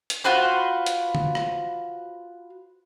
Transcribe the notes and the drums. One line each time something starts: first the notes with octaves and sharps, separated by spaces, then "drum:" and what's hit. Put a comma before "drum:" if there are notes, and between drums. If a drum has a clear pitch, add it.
drum: hi-hat
F4 F#4 B4 C5
drum: hi-hat
drum: tom D3
drum: rim click